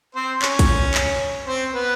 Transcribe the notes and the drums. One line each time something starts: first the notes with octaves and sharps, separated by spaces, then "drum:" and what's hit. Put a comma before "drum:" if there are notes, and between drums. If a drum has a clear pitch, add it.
C4 C5
C#4 C#5, drum: clap
drum: kick, hi-hat
drum: clap
C4 C5
B3 B4